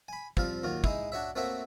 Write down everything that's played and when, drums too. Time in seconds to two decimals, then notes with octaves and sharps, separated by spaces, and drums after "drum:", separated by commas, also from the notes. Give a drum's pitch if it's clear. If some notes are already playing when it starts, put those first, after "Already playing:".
0.08 G#5 B5
0.37 F3 G3 C4 F5, drum: kick
0.63 D#2 F#3 F4
0.84 G#3 D#4 E4, drum: kick
1.12 D4 F#4 C#5 E5
1.36 A3 A#3 C4 F#4 C#5 E5